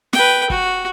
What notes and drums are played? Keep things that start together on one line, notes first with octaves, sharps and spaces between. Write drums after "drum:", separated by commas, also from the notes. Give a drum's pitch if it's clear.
B4 G5, drum: snare
F#4, drum: kick